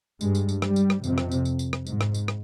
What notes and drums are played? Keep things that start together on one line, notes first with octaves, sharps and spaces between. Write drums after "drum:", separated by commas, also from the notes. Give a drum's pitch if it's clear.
G2 G#3, drum: tambourine
drum: tambourine
drum: tambourine
G3, drum: rim click
drum: tambourine
drum: rim click
F2 C3, drum: tambourine
drum: rim click
drum: tambourine
drum: tambourine
drum: tambourine
drum: rim click
G#2, drum: tambourine
drum: rim click
drum: tambourine
drum: rim click